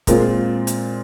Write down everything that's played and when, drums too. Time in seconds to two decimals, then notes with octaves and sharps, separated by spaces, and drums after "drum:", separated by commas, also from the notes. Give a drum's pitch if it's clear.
0.07 A#2 G#3 C4 F4 A#4, drum: kick, hi-hat
0.67 drum: hi-hat